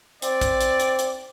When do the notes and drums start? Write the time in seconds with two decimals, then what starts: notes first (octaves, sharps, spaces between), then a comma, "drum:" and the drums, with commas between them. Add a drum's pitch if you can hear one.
0.22 C4 D5, drum: hi-hat
0.41 drum: kick A#1, hi-hat
0.61 drum: hi-hat
0.80 drum: hi-hat
0.99 drum: hi-hat